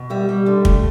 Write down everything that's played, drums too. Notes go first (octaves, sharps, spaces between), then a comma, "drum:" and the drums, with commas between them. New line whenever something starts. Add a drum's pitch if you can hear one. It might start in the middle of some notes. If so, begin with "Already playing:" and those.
Already playing: B2
G3 E5
G3
D3
A3, drum: kick